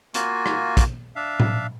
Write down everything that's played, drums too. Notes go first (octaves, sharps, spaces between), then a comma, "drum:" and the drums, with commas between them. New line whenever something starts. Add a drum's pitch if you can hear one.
A#3 F4 F#4 G#5, drum: hi-hat
drum: rim click
drum: kick, hi-hat
D4 E5 F5
drum: tom A2